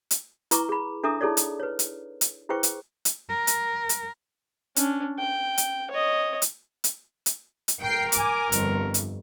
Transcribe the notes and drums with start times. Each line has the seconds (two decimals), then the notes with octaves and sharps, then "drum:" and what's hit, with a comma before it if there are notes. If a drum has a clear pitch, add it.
0.11 drum: hi-hat
0.51 E4 B4 A#5 C#6 D6, drum: hi-hat
0.69 G#4 B5
1.04 D4 A4 E5 A#5 D6 D#6
1.21 D#4 E4 G#4 A4 C#5 D5
1.37 drum: hi-hat
1.60 B4 C#5
1.79 drum: hi-hat
2.21 drum: hi-hat
2.49 E4 G#4 B4 C5 G5 C#6
2.63 drum: hi-hat
3.05 drum: hi-hat
3.29 A#4
3.47 drum: hi-hat
3.89 drum: hi-hat
4.76 C#4 D4, drum: hi-hat
5.19 G5
5.58 drum: hi-hat
5.91 C#5 D#5
6.42 drum: hi-hat
6.84 drum: hi-hat
7.26 drum: hi-hat
7.68 drum: hi-hat
7.81 A#4 G5 C7
8.12 G#5 D6, drum: hi-hat
8.52 G1 F2, drum: hi-hat
8.94 drum: hi-hat